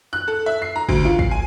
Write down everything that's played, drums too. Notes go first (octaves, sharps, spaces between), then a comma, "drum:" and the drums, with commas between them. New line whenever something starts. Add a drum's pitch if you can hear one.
F#6
A4
E5
C7
A#5
D2, drum: kick
F4
C7, drum: kick
G#5